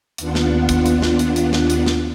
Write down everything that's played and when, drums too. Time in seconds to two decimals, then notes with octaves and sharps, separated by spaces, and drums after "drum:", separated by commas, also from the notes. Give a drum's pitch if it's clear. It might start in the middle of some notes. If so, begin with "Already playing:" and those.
0.18 D#2 B3 D4 F4 F#5, drum: hi-hat
0.35 drum: snare
0.69 drum: kick, hi-hat
0.86 drum: hi-hat
1.02 drum: snare
1.19 drum: hi-hat
1.36 drum: hi-hat
1.53 drum: snare
1.70 drum: hi-hat
1.86 drum: snare